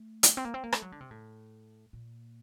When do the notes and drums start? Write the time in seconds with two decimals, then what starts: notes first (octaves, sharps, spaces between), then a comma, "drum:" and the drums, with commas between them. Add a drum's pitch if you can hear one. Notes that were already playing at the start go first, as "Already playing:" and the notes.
Already playing: A3
0.23 drum: hi-hat
0.37 C4
0.45 A#3
0.54 C4
0.64 A#3
0.72 A3, drum: rim click
0.82 F#3
0.92 D3
1.01 C3
1.11 A2
1.93 A#2